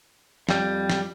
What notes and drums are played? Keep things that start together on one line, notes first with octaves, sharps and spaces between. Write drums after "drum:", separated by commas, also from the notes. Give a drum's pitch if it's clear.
F2 G3, drum: snare
drum: snare